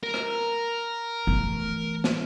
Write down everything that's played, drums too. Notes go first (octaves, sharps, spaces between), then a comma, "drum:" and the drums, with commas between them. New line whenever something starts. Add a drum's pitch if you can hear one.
A#4
drum: rim click
E3 A3
drum: snare